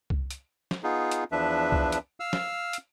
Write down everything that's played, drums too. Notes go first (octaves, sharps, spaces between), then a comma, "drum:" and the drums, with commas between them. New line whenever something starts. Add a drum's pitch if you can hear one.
drum: kick C2
drum: hi-hat
drum: snare
B3 D#4 F4 G#4
drum: hi-hat
E2 F3 D4 B4 E5
drum: kick C2
drum: hi-hat
F5 E6 F6
drum: snare
drum: hi-hat